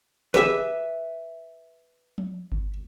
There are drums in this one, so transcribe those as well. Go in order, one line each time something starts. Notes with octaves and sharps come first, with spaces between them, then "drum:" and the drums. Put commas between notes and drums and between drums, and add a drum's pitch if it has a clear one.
C#4 G4 G#4 B4 E5, drum: snare
drum: tom F3
drum: kick G1